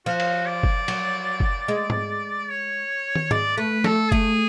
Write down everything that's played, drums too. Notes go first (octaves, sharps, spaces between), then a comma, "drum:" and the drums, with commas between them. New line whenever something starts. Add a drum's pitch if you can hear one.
F3 F#4
drum: cymbal
D5
drum: kick F#1
F#3, drum: cymbal
drum: kick F#1
G#3
drum: tom G#2
C#5
drum: tom
G#3 D5, drum: tom G#2
A3 B4
A3 A4, drum: snare F3
A3 G#4, drum: kick F#1